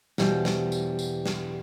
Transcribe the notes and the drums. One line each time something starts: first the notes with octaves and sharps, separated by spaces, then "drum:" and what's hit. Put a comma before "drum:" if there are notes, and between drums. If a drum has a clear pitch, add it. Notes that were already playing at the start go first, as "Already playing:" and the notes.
E2 B2 G3 C5, drum: snare
drum: snare
drum: tambourine
drum: tambourine
drum: snare